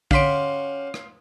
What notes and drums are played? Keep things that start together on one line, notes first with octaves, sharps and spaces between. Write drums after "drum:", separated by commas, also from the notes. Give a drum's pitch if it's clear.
D3 C#4 F#4 G4 F5 C6 B6 D7, drum: kick A#1
drum: rim click